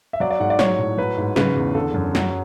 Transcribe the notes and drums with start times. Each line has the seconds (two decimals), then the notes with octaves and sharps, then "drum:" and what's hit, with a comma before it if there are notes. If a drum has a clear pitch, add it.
0.13 E5
0.20 F#3 D5
0.30 D5
0.40 G#2 F#5
0.50 D5
0.59 F#3 C#5, drum: snare
0.78 A2
0.98 F#3 B4
1.18 G#2
1.36 C#3 B4, drum: snare
1.56 E2
1.75 D3 A4
1.94 F#2
2.15 F#3, drum: snare